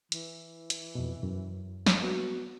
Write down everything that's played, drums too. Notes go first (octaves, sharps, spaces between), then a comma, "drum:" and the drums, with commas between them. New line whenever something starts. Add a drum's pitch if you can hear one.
E3, drum: hi-hat
drum: hi-hat
F2 B2
F#2
drum: snare
B3 F#4